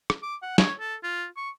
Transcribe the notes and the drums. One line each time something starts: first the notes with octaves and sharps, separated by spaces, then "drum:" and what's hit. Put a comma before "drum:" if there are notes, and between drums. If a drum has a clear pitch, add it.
drum: rim click
D6
F#5
C#5, drum: snare
A4
F4
C#6